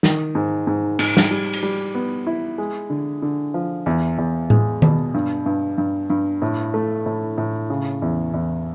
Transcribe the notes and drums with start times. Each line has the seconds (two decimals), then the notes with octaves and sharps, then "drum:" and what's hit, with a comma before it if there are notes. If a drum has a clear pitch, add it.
0.03 D#3, drum: snare
0.35 G#2
0.67 G#2
0.99 G#2, drum: cymbal
1.17 drum: snare
1.31 G3
1.53 drum: cymbal
1.63 G3
1.95 B3
2.27 E4
2.58 G#3
2.90 D3
3.22 D3
3.54 F3
3.86 E2
4.18 E2
4.50 G#3, drum: tom A2
4.82 B2, drum: tom D#3
5.14 G2
5.46 G2
5.78 G2
6.10 G2
6.42 A2
6.74 A3
7.06 A2
7.38 A2
7.70 C#3
8.02 E2
8.34 E2